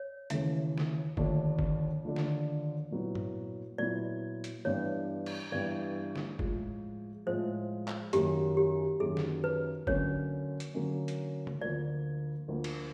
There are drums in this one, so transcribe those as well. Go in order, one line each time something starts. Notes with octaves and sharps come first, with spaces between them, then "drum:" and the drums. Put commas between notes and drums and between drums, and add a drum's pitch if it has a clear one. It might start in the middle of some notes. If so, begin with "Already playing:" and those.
Already playing: C#5
D#2 C#3 E3 A3 E5, drum: hi-hat
drum: snare
D#2 D3 F3 A3 D4, drum: kick F#1
drum: kick F#1
D#2 D3 F3 A3 D4
drum: snare
A#2 F#3 B3 E4
drum: tom G2
A#2 F#3 B3 E4 D5
drum: hi-hat
G2 E3 G3 B3 D4 C#5
drum: cymbal
G2 E3 G3 B3 D4 D5
drum: snare
A2 F3 G#3, drum: kick F#1
A2 F3 G#3 C5
drum: clap
F#2 D#3 F#3 A#3 C#4 G4, drum: hi-hat
G4
F#2 D#3 F#3 A#3 C#4 G#4
drum: snare
B4
D3 F#3 A#3 C#4 C#5, drum: kick F#1
drum: hi-hat
D3 F#3 A#3 C#4
drum: hi-hat
drum: tom
D2 D3 F3 A#3 D5
D2 D3 F3 A#3
drum: cymbal